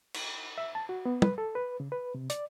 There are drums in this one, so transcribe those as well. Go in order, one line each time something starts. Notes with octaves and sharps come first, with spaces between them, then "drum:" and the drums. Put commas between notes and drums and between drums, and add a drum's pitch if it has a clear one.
drum: cymbal
E5
A5
F#4
B3
B4, drum: tom
A4
B4
C#3
B4
C3
D5, drum: hi-hat